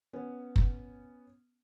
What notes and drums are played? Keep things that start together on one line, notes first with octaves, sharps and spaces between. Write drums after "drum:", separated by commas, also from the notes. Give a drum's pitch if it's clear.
B3 C#4
drum: kick